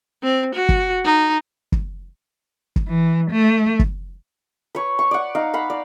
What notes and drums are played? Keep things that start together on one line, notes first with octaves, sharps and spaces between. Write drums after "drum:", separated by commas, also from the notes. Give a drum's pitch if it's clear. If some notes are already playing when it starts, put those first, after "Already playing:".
C4
F#4
drum: kick
D#4
drum: kick
drum: kick
E3
A3
drum: kick
B4 C#5
C#6
D5 F#5
D#4 F5
F5 F#5 B5
D5